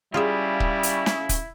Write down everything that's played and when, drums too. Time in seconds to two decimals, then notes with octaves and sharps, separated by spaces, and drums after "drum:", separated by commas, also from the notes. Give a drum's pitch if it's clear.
0.14 C#3 G3 E4 F4 G#4 E5
0.60 drum: kick
0.83 drum: hi-hat
1.06 drum: snare
1.29 drum: kick, hi-hat